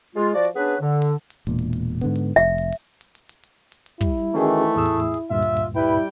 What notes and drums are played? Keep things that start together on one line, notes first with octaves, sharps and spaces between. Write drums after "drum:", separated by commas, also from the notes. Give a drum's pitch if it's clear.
G#3 F4
F3 F#4 D5
drum: hi-hat
B3 C#4 D4 G#4 B4
D3
drum: open hi-hat
drum: hi-hat
E1 A#2, drum: hi-hat
drum: hi-hat
drum: hi-hat
G#2 D3 B3, drum: hi-hat
drum: hi-hat
F1 E5
drum: hi-hat
drum: open hi-hat
drum: hi-hat
drum: hi-hat
drum: hi-hat
drum: hi-hat
drum: hi-hat
drum: hi-hat
G3 E4, drum: kick, hi-hat
D#3 E3 A3 C#4 F#4 G#4
E2 A2 G#4 E6
drum: hi-hat
drum: hi-hat
drum: hi-hat
D2 G2 A#2 F4 E5
drum: hi-hat
drum: hi-hat
G3 E4 B4 G5